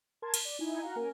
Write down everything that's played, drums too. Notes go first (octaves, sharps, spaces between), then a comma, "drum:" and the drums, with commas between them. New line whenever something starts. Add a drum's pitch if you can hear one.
A#4 A5 C6 G#6
drum: cymbal
D5
D#4 E4 G#5
F#4 F5 F#5 A#5
A#3 C#4 A#4 G#5